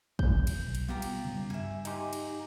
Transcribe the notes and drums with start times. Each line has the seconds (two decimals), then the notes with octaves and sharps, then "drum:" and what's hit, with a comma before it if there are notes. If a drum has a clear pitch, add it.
0.19 E1 G6, drum: kick
0.47 drum: cymbal
0.65 B1
0.75 drum: cymbal
0.88 G3 B3 F4 G4 A#5
1.02 drum: cymbal
1.25 C#3 G3
1.50 G2 E5 G#5
1.85 D#4 G4 G#5 C6, drum: cymbal
2.13 drum: cymbal